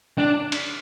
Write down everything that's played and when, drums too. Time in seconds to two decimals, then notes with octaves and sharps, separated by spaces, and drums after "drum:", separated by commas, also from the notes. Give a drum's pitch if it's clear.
0.18 D4
0.52 drum: cymbal